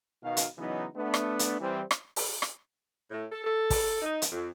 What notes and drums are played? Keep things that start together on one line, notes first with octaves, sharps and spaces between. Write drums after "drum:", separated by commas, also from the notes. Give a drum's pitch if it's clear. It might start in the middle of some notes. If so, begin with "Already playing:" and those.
B2 D#3 F5
drum: hi-hat
C#3 E3 F#3 B3 D#4
A3 B3 D4
drum: rim click
drum: hi-hat
E3 G3 C4
drum: rim click
drum: open hi-hat
drum: rim click
A2
A4
A4
drum: kick, open hi-hat
D#4
drum: hi-hat
F2